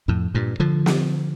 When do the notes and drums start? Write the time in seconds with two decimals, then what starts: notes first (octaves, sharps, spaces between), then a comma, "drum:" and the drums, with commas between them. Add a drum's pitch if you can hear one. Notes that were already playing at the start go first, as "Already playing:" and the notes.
0.08 F2 A2
0.34 G2 A#2
0.60 D3 F3
0.86 drum: snare